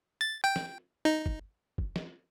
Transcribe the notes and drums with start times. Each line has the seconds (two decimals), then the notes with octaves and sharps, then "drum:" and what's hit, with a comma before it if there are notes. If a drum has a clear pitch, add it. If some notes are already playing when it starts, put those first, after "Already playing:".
0.21 A6
0.44 G5
0.56 drum: snare
1.05 D#4
1.26 drum: kick
1.78 drum: kick
1.96 drum: snare